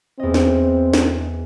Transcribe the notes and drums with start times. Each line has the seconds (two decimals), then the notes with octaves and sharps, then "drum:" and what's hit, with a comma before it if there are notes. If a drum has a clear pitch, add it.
0.20 E2 C4 D#5
0.34 drum: snare
0.94 drum: snare